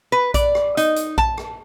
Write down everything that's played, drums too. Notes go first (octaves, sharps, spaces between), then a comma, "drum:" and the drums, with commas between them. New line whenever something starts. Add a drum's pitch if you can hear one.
B4
D5, drum: kick A#1, hi-hat
drum: rim click
D#4, drum: hi-hat
drum: hi-hat
A5, drum: kick A#1
drum: rim click